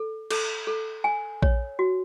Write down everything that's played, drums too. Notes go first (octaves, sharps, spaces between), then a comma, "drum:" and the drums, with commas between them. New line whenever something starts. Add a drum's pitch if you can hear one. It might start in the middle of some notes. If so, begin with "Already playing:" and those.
Already playing: A4
A4, drum: cymbal
A4
G#5
C#5, drum: kick A#1
F#4